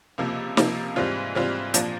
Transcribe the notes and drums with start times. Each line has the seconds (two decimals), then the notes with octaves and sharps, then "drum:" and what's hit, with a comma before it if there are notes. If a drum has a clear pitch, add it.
0.18 C#2 C3 F3 A#3
0.57 C#2 C3 F3 A#3, drum: snare
0.96 G#2 E3 G3 C4 F4
1.35 G#2 E3 G3 C4 F4
1.74 A#2 F3 A#3 D4, drum: hi-hat